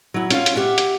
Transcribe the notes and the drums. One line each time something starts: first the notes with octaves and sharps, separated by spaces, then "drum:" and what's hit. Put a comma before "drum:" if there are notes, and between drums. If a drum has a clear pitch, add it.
F#3 E4
C#4 F4 F5, drum: hi-hat
drum: hi-hat
G4 E5 F#5
drum: hi-hat